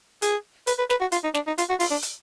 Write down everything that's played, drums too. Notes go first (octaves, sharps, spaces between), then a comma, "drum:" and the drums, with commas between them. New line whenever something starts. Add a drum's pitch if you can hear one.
G#4, drum: hi-hat
B4, drum: hi-hat
B4
B4, drum: snare
F#4
F4, drum: hi-hat
D#4
D4, drum: snare
D#4
F4, drum: hi-hat
F#4
F4, drum: open hi-hat
D4
drum: hi-hat